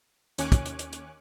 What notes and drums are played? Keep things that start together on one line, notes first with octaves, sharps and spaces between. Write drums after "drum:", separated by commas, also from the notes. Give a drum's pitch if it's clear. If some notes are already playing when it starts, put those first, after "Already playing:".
D#2 C#4 C#5 G#5 D6 F#6, drum: hi-hat
drum: kick, hi-hat
drum: hi-hat
drum: hi-hat
drum: hi-hat